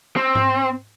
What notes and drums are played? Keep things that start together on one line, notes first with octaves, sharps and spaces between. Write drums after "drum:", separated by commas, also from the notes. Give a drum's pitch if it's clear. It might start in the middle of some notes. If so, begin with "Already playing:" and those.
C4
drum: tom G#2